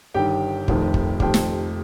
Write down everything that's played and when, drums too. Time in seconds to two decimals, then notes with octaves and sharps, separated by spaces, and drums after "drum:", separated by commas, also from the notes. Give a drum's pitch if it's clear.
0.14 G1 G2 D#3 G4 G5
0.68 F1 F2 D#3, drum: kick
0.94 drum: kick
1.20 F1 F2 D#3 G4 G5, drum: kick
1.34 drum: snare